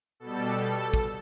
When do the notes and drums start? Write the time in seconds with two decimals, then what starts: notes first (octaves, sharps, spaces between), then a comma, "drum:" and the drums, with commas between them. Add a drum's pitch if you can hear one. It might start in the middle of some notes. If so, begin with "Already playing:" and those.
0.20 B2 G3 A4
0.58 A4
0.94 drum: kick